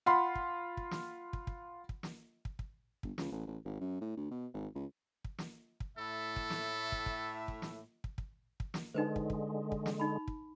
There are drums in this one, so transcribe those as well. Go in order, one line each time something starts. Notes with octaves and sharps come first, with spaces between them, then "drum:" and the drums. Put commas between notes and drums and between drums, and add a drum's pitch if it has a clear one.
F4 F#5 B5 C6
drum: kick
drum: kick
drum: snare
drum: kick
drum: kick
drum: kick
drum: snare
drum: kick
drum: kick
G1, drum: kick
C#2, drum: snare
A1
A1
G#1
F#2
A2
D2
B2
G#1
C#2
drum: kick
drum: snare
drum: kick
A2 A4 E5
drum: kick
drum: snare
drum: kick
drum: kick
drum: kick
drum: snare
drum: kick
drum: kick
drum: kick
drum: snare
D3 G#3 D#4 B4 C5
drum: kick
drum: kick
drum: kick
drum: snare
D#4 B5
drum: kick